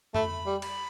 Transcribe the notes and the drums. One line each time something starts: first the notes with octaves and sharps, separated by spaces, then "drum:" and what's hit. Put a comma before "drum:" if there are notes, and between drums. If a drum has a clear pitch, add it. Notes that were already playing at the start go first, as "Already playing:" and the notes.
A3 B5, drum: tom F2
G3
B5, drum: cymbal